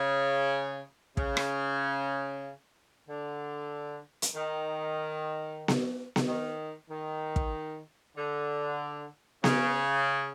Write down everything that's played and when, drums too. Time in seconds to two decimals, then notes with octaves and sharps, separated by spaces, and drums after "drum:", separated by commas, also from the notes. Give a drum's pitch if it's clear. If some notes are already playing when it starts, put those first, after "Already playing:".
Already playing: C#3
1.17 C#3, drum: kick
1.37 drum: rim click
3.08 D3
4.22 drum: hi-hat
4.34 D#3
5.68 drum: snare B3
6.16 drum: snare B3
6.26 D#3
6.90 D#3
7.36 drum: kick
8.16 D3
9.44 C#3, drum: snare B3